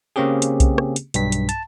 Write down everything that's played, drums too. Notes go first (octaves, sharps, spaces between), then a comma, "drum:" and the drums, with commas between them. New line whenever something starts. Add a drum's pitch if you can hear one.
C#3 A#3 C4 C#4 G4 G#4
drum: hi-hat
drum: kick B1, hi-hat
drum: rim click
drum: hi-hat
B1 G2 B6, drum: hi-hat
drum: hi-hat
A5, drum: hi-hat